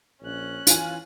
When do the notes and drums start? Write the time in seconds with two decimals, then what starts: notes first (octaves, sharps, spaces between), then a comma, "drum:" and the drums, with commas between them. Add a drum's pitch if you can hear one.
0.22 A#1 C#4 F#6
0.67 E3 F4 G#5, drum: hi-hat